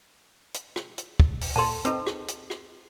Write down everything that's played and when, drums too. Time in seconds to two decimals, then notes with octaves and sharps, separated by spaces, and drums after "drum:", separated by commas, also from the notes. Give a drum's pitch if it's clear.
0.54 drum: hi-hat
0.76 drum: rim click
0.98 drum: hi-hat
1.20 drum: kick
1.41 drum: open hi-hat
1.56 A#2 A4 A5 C6
1.85 C4 D#4 A4 B4, drum: hi-hat
2.07 drum: rim click
2.28 drum: hi-hat
2.50 drum: rim click